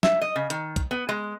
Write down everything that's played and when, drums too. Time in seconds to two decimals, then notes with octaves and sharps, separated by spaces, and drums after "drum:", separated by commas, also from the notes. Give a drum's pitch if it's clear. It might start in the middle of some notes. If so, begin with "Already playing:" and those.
0.03 E5, drum: snare
0.21 D#5
0.36 C#3
0.50 D#3, drum: hi-hat
0.76 drum: kick, hi-hat
0.91 B3
1.09 G#3